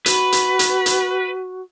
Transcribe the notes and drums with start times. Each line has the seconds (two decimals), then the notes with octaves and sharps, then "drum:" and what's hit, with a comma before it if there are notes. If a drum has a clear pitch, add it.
0.06 F#4 B4, drum: hi-hat
0.32 drum: hi-hat
0.59 drum: hi-hat
0.86 drum: hi-hat